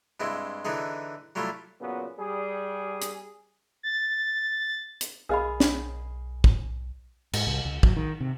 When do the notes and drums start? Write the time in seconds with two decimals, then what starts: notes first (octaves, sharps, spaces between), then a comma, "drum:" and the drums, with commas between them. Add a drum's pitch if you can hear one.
0.20 G2 G#3 C4 E4
0.65 D3 E3 D#4 G#4
1.35 F#3 G3 A3 E4 F4
1.80 A#2 C#3 F#3 B3
2.19 G3 G#4
3.01 drum: hi-hat
3.83 A6
5.01 drum: hi-hat
5.29 B1 G#4 A#4 D#5 F5 B5
5.60 drum: snare
6.44 drum: kick
7.33 G#2, drum: cymbal
7.47 C2
7.65 C#2
7.83 F#3, drum: kick
7.96 D#3
8.20 C3